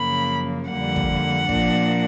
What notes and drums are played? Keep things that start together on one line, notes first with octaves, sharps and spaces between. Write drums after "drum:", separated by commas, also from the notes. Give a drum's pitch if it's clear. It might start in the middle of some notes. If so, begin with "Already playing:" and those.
Already playing: F#2 C#3 F3 A#3 B5
F2 D3 G3 A#3 F#5
drum: kick
A#2 F3 A#3 D4, drum: kick